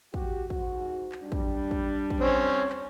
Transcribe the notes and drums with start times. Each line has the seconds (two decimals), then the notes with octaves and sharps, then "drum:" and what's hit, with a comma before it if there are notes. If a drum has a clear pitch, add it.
0.14 F#4 G4, drum: kick
0.50 G#2 F#4, drum: kick
1.12 drum: clap
1.22 G3 D4
1.32 drum: kick
1.71 drum: kick
2.10 drum: kick
2.21 C4 C#4
2.69 drum: clap